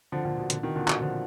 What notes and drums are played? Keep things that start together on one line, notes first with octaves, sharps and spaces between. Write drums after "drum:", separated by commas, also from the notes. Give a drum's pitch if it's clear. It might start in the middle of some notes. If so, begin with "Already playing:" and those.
D3 F3
A#2 D3
B2
A#2 D3, drum: hi-hat
B2 D#3
A#2 D3
B2 D#3, drum: clap
D3 F3